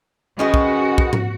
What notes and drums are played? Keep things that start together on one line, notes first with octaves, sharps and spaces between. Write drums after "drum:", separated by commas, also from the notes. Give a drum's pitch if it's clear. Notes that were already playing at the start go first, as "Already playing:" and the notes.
D#3 G#3 B3 C#4 F#4
drum: kick
drum: kick
drum: tom G#2